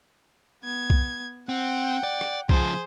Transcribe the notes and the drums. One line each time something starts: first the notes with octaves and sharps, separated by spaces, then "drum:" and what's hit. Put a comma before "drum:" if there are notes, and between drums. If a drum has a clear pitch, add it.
B3 G#6
drum: kick
C4 F#5 G5
D5
drum: rim click
C#3 F3 G#4 C5, drum: kick